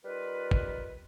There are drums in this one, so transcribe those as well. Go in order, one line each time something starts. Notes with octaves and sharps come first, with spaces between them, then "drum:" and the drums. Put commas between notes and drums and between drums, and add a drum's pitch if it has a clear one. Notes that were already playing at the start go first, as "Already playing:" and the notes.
G3 D#4 F4 A#4 B4
drum: kick